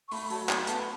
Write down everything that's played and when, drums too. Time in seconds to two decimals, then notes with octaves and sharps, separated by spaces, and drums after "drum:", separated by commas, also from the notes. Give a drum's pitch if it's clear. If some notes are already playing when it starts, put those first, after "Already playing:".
0.08 C#6
0.11 A3 B5, drum: open hi-hat
0.24 B5
0.30 F#3 A5, drum: open hi-hat
0.49 A3, drum: clap
0.67 B3 A5, drum: hi-hat
0.80 B5